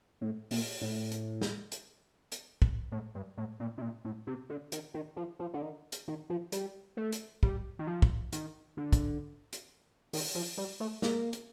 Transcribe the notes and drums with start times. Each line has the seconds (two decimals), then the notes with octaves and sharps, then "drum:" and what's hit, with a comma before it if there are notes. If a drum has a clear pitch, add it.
0.21 A2
0.51 A#2, drum: open hi-hat
0.81 A2
1.11 drum: hi-hat
1.42 drum: snare
1.72 drum: hi-hat
2.32 drum: hi-hat
2.62 drum: kick
2.92 A2
3.15 G2
3.37 A2
3.60 A#2
3.78 C3
3.82 A#2
4.04 A2
4.27 C3
4.50 D3
4.72 D#3, drum: hi-hat
4.94 D#3
5.16 F3
5.39 F3
5.54 D3
5.62 D#3
5.92 drum: hi-hat
6.08 D#3
6.30 F3
6.52 G3, drum: hi-hat
6.97 A3
7.12 drum: hi-hat
7.43 G3, drum: kick
7.79 D#3
7.87 F3
8.02 drum: kick
8.32 D#3, drum: hi-hat
8.77 D3
8.93 drum: kick, hi-hat
9.53 drum: hi-hat
10.13 D#3, drum: open hi-hat
10.35 F3
10.57 G3
10.80 A3
11.02 A#3, drum: snare
11.33 drum: hi-hat